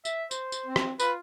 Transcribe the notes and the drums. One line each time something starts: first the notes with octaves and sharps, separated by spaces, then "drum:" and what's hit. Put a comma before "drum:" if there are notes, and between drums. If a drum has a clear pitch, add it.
E5, drum: tambourine
C5, drum: tambourine
drum: tambourine
C4
drum: rim click
F4 B4, drum: tambourine